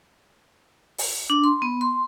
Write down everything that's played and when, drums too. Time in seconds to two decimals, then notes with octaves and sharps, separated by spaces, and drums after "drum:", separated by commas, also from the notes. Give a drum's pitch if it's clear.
0.98 drum: open hi-hat
1.30 D4
1.44 C6
1.62 B3
1.81 C6